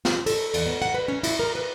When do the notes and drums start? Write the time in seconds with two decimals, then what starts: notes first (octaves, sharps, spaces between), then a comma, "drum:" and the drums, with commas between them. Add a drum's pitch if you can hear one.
0.05 F4, drum: snare
0.26 A4, drum: cymbal
0.54 E2, drum: cymbal
0.66 B3
0.82 F#5
0.94 B4
1.08 C#4
1.23 E4, drum: cymbal
1.40 A#4
1.55 B4